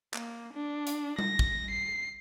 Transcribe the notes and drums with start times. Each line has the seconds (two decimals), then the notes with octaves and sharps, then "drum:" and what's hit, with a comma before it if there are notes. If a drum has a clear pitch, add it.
0.14 A#3, drum: clap
0.53 D4
0.87 drum: hi-hat
1.19 A#6, drum: tom G3
1.39 drum: kick
1.71 C7